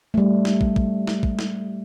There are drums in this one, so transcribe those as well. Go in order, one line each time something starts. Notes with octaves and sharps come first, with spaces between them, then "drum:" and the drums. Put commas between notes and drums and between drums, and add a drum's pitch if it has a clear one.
G3 A3
drum: snare
drum: kick
drum: kick
drum: snare
drum: kick
drum: snare